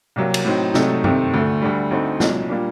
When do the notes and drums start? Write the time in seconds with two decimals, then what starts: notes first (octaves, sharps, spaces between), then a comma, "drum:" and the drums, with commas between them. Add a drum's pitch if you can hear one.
0.16 C2 C3 F#3 A#3
0.34 drum: cymbal
0.45 A2 F#3 C4 D#4
0.74 C2 C3 F#3 A3 D#4, drum: snare
1.04 C2 C3 D#3 A3 C4, drum: tom G2
1.34 D2 D3 A3
1.62 D2 D3 G3
1.91 D2 D3 A3 C4 D#4
2.20 C2 A#2 F#3, drum: snare
2.49 A#2 G3 A#3 D4